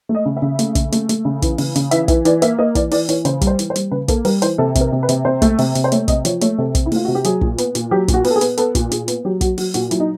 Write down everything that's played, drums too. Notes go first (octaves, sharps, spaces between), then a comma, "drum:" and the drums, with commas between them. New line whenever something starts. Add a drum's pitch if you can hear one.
A3
D#5
C#3
E5
C#3
A3, drum: hi-hat
C#3, drum: kick, hi-hat
A3, drum: hi-hat
A3, drum: hi-hat
C#3
E3, drum: kick, hi-hat
C#3, drum: open hi-hat
C#3, drum: hi-hat
E3 E5, drum: hi-hat
E3 E5, drum: kick, hi-hat
E3 D5, drum: hi-hat
A#3 E5, drum: hi-hat
A#3 D#5
E3 D5, drum: kick, hi-hat
E3 D5, drum: open hi-hat
E3 C#5, drum: hi-hat
C#3 C5, drum: hi-hat
G3, drum: kick, hi-hat
C5
E3, drum: hi-hat
C5
G3, drum: hi-hat
C#3 B4
A#3 A4, drum: kick, hi-hat
G3 A#4, drum: open hi-hat
E3 C5, drum: hi-hat
C3 A4
C3, drum: kick, hi-hat
A#4
C3
B4
C3, drum: hi-hat
C3 C5
A3, drum: kick, hi-hat
C3, drum: open hi-hat
C3, drum: hi-hat
C5
A3 C#5, drum: hi-hat
C3 D#5, drum: kick, hi-hat
F3 C#5, drum: hi-hat
A3 C#5, drum: hi-hat
C3 A4
C3, drum: kick, hi-hat
E4
A3 F4, drum: open hi-hat
C3 F#4
G4
F#3 G#4, drum: hi-hat
A#2, drum: kick
B3, drum: hi-hat
A#2, drum: hi-hat
F#3 G4
A#2, drum: kick, hi-hat
F#4
B3, drum: open hi-hat
A4
G#4
B3, drum: hi-hat
B3 A4, drum: hi-hat
A#2, drum: kick, hi-hat
A#2 G#4, drum: hi-hat
B3, drum: hi-hat
F#3 G4
F#3 F#4, drum: kick, hi-hat
F#3 F#4, drum: open hi-hat
A#2 F#4, drum: hi-hat
F#3 E4, drum: hi-hat
D#4